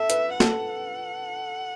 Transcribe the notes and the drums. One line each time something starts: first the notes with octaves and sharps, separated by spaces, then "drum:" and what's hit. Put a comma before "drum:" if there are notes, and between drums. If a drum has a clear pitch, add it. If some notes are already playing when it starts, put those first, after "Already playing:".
Already playing: A4 E5
B4, drum: hi-hat
A4 F#5, drum: snare